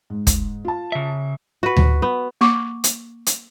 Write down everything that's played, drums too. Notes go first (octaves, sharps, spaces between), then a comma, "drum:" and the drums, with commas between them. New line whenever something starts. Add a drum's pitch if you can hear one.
G#2
drum: kick, hi-hat
F4 A5
C#3 E5
F#4 B4
drum: tom D2
B3
A#3 C#6 D6
drum: hi-hat
drum: hi-hat